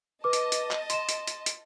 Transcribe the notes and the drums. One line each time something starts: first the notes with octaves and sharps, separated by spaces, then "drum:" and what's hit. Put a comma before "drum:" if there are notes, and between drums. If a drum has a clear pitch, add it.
B4 D#5 A5 D6
drum: hi-hat
drum: hi-hat
drum: clap
C6 E7, drum: hi-hat
drum: hi-hat
drum: hi-hat
drum: hi-hat